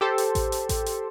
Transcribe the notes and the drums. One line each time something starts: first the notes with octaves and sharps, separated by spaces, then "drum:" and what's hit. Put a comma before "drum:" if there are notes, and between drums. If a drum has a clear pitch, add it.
G4 A4 C5
drum: hi-hat
drum: kick A1, hi-hat
drum: hi-hat
drum: kick A1, hi-hat
drum: hi-hat